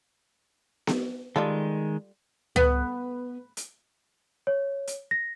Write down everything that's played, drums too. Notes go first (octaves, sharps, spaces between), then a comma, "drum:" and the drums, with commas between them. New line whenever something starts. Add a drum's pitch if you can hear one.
drum: snare B3
D#3 G3 G#3 F4 A4
B3, drum: tom
drum: hi-hat
C#5
drum: hi-hat
A#6